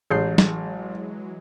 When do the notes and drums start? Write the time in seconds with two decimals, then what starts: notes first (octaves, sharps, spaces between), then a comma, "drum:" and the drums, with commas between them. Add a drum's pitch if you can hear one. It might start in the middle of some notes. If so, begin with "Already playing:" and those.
0.11 A1 E3 F#3 G#3 G#4 G6 C7
0.38 drum: snare